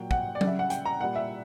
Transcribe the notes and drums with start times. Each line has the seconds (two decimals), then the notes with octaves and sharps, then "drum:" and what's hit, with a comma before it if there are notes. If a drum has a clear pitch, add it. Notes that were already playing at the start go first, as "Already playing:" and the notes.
Already playing: A#2 F#3 G5
0.11 F#5, drum: kick
0.35 D5
0.41 C#3 G3, drum: tom F#3
0.47 E5
0.59 F#5
0.70 G5, drum: hi-hat
0.86 A#5
1.01 A#2 G3 F#5
1.16 E5